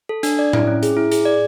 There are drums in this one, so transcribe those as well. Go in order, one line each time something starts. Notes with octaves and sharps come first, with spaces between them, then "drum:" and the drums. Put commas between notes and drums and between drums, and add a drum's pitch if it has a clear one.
A4
D4, drum: hi-hat
D5
E4, drum: tom A2
C#4
G#4, drum: hi-hat
E4
G#4, drum: hi-hat
D5